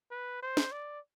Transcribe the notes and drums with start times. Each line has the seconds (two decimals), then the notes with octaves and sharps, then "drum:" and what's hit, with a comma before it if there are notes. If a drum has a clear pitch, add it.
0.11 B4
0.42 C5
0.57 drum: snare
0.72 D5